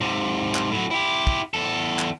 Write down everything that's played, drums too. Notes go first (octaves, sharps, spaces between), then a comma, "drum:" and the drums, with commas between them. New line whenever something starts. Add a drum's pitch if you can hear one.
G#2 C3
drum: clap
A2 F#3
E4 G4
drum: kick
E2 A4
drum: clap